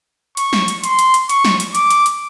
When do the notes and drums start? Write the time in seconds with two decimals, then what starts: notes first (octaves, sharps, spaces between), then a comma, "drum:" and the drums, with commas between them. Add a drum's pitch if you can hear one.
0.37 C#6, drum: hi-hat
0.53 drum: snare
0.68 drum: hi-hat
0.84 C6, drum: hi-hat
0.99 drum: hi-hat
1.14 drum: hi-hat
1.29 C#6, drum: hi-hat
1.45 drum: snare
1.60 drum: hi-hat
1.75 D6, drum: hi-hat
1.90 drum: hi-hat
2.06 drum: hi-hat